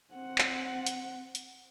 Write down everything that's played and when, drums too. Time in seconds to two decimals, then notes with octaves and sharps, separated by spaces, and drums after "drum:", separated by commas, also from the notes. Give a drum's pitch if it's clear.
0.14 C4 F#5
0.38 drum: clap
0.86 drum: hi-hat
1.35 drum: hi-hat